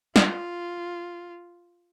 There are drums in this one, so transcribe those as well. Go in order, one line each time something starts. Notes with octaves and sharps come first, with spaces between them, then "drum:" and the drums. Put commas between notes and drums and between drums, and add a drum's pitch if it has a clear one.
F4, drum: snare